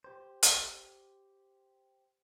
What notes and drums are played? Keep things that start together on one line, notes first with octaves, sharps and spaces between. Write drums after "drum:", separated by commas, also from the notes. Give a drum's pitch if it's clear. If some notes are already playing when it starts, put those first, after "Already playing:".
G4 C5
drum: hi-hat